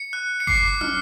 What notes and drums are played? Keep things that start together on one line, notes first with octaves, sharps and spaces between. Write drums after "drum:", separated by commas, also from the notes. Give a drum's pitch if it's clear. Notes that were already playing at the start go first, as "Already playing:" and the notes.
Already playing: C#7
F#6
C#7
D6 C7, drum: kick G1
F6, drum: tom